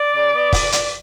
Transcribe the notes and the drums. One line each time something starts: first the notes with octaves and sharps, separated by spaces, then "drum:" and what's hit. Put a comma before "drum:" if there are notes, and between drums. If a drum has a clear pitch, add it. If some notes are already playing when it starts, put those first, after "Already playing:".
Already playing: D5
C#3
B3
drum: kick, open hi-hat
drum: hi-hat